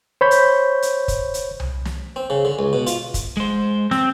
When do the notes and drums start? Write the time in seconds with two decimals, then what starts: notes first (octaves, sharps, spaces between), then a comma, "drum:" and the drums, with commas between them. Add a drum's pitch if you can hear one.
0.21 C5 C#5 B5 G6
0.31 drum: hi-hat
0.82 drum: hi-hat
1.08 drum: kick, hi-hat
1.34 drum: hi-hat
1.60 drum: tom C2
1.85 drum: snare
2.16 C4
2.30 C#3
2.45 D3
2.59 C#2
2.73 B2
2.87 F4, drum: hi-hat
3.14 drum: kick, hi-hat
3.37 G#3 C5
3.91 C4, drum: snare